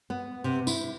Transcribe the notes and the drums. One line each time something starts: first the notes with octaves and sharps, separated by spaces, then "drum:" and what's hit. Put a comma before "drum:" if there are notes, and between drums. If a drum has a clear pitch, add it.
B3
C3
E4, drum: tambourine